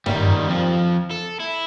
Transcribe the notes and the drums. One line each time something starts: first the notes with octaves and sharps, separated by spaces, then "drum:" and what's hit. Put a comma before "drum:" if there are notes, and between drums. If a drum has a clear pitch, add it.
D#3 G3, drum: tom G2
F2 F3
A4
E4